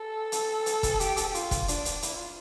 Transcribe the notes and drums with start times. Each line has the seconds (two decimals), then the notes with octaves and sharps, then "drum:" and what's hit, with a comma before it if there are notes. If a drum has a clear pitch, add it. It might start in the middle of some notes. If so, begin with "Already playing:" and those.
Already playing: A4
0.32 drum: hi-hat
0.66 drum: hi-hat
0.83 drum: kick F1, hi-hat
1.00 G4, drum: hi-hat
1.17 A4, drum: hi-hat
1.25 G4
1.34 F4, drum: hi-hat
1.51 drum: kick F1, hi-hat
1.68 D4, drum: hi-hat
1.85 drum: hi-hat
2.02 E4, drum: hi-hat
2.15 F4